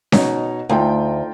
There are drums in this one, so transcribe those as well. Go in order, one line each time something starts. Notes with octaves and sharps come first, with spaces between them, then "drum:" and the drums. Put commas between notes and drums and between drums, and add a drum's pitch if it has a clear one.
B2 D#4 C#5, drum: snare C#4
D2 D#4 F4 G5